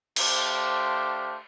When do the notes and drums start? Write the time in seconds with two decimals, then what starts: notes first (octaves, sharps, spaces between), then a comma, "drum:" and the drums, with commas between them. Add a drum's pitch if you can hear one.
0.16 A3 D4 G4 C5 F5, drum: cymbal